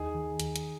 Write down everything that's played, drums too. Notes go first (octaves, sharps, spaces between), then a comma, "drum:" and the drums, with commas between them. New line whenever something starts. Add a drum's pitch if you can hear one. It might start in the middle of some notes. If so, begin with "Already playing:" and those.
Already playing: D#2 D#4 G#4
D#3
D#2, drum: hi-hat
drum: hi-hat